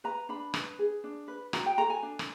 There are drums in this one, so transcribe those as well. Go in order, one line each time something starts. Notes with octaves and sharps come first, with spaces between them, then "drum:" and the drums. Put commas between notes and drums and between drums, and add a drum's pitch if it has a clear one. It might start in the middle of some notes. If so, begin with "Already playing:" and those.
B4 A#5
D4 B5
B4, drum: rim click
G#4
D4
B4
F#4 A#5, drum: rim click
G5
A4 A#5
G#5
D4
drum: rim click